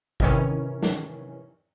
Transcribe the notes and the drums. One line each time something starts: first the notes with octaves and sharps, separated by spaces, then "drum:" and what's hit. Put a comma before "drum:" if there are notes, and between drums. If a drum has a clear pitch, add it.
C3 D#3 E3 C#4, drum: kick G#1
drum: snare